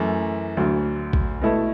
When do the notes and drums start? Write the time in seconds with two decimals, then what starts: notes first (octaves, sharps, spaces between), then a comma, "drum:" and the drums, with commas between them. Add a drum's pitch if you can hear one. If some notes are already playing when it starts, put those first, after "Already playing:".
Already playing: F#2 E3 A3
0.57 D2 D3 F#3
1.13 drum: kick
1.42 B2 A3 E4 A4